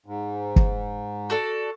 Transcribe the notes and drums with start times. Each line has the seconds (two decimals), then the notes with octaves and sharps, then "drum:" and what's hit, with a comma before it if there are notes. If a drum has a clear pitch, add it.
0.06 G#2
0.56 drum: kick
1.30 F#4 A4 D5